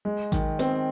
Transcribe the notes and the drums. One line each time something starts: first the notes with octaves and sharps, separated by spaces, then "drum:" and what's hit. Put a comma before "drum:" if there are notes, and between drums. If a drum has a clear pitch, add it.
G#3
D#3, drum: kick A1, hi-hat
C4, drum: hi-hat